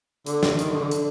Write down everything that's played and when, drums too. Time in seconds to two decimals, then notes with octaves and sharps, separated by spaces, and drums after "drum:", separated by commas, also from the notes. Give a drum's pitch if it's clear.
0.26 D3, drum: hi-hat
0.43 drum: snare
0.59 D#3, drum: hi-hat
0.70 D3
0.81 D3
0.91 drum: hi-hat